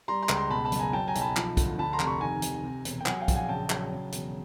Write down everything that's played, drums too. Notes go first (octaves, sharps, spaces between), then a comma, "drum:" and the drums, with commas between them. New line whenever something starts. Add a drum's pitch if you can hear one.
G3 A#5 C6
A#5 C6
C#2, drum: clap
A#5 C6
B2 A5 B5
A5 B5
F#1, drum: hi-hat
G#5 A#5
F#3 G5 A5
G#5 A#5
B1, drum: hi-hat
A5 B5
F3, drum: clap
D2, drum: kick, hi-hat
D3 A5 B5
A#5 C6
F1, drum: clap
B5 C#6
D#3 G#5 A#5
F1, drum: hi-hat
C3
E1, drum: hi-hat
G5
F#3 F#5 G#5, drum: clap
F5 G5
A#1, drum: kick, hi-hat
F#5 G#5
C#3 G5 A5
F#3, drum: clap
C#3
E1, drum: hi-hat